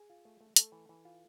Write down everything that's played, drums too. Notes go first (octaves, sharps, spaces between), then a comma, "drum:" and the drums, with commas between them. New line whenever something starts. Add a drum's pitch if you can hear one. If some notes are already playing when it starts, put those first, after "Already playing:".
Already playing: G#4
F4
A3
A3
A3 A4, drum: hi-hat
E3
E3
F4